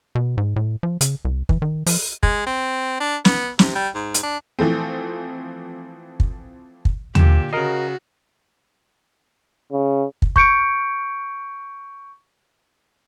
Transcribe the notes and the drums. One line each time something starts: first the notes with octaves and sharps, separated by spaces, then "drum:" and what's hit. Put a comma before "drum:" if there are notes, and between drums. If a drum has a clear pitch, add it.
B2
G#2
A2
F3
C#3, drum: hi-hat
C2
E3, drum: kick
D#3
F3, drum: open hi-hat
G#3, drum: kick
C4
D4
B3, drum: snare
C3, drum: snare
G3
G#2
drum: hi-hat
D4
E3 F3 A3 C4
drum: kick
drum: kick
A#2 D3 G4 E7, drum: tom D#2
C#3 F#4 A#4 D#5 C7
C#3
drum: kick
C#6 G6 C#7 D7, drum: kick